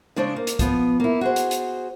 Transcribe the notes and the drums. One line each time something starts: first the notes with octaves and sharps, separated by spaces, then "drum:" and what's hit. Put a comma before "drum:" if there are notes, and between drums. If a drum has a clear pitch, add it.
C#3 G#3 D4 C5 C#5
A#3
drum: hi-hat
F3 B3, drum: kick, hi-hat
A#3 E4
F#4 G#4 C5
drum: hi-hat
drum: hi-hat